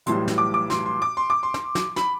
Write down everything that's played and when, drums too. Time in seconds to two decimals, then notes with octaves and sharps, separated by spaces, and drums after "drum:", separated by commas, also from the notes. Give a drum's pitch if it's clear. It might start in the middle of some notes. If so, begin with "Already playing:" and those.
0.06 B1 A2 E3 G3 C6, drum: hi-hat
0.28 drum: snare
0.38 D6
0.54 D6
0.70 C6, drum: snare
0.86 C6
1.02 D6
1.17 C6
1.30 D6
1.43 C6
1.54 drum: snare
1.75 drum: snare
1.96 B5, drum: snare